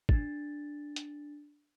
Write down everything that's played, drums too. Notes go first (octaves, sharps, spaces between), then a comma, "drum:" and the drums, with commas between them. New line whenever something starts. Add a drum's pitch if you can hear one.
D4 A6, drum: kick
drum: hi-hat